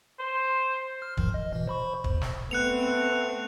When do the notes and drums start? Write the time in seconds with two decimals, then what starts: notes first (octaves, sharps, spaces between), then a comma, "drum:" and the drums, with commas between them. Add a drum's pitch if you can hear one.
0.20 C5
1.02 F6
1.17 G#2 D#3 F3, drum: kick
1.34 D#5
1.53 B2 E3
1.68 C5 B5 C#6
2.04 E2, drum: kick
2.21 drum: snare
2.51 A3 B3 C4 F#6 C#7 F7